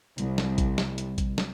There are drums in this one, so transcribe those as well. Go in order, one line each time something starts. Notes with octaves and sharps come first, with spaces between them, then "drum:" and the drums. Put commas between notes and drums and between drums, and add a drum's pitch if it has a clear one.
C2, drum: hi-hat
drum: snare
drum: kick A1, hi-hat
drum: snare
drum: hi-hat
drum: kick A1, hi-hat
drum: snare